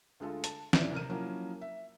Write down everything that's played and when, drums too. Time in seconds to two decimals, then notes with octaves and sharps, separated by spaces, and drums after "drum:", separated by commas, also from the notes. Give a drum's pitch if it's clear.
0.20 D2 G#3 F4 A4
0.44 A5, drum: hi-hat
0.73 D#1 E3 C#4 D5 E5 E7, drum: snare
0.93 C3 A#4 F6 D#7
1.09 F3 F#3 A#3 C#4 E4
1.61 E5